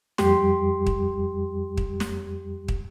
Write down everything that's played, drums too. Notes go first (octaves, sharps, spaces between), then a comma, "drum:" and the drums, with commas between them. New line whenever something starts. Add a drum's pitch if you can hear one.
F2 G3 G4 C6, drum: snare
drum: kick
drum: kick
drum: snare
drum: kick